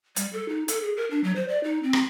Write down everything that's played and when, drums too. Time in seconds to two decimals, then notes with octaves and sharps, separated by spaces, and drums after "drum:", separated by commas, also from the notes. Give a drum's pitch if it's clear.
0.16 G3, drum: hi-hat
0.33 A4
0.49 D#4
0.68 A4, drum: hi-hat
0.83 G#4
0.96 A#4
1.11 D4
1.24 F#3
1.36 C5
1.48 D5
1.64 D#4
1.83 C4
1.93 drum: rim click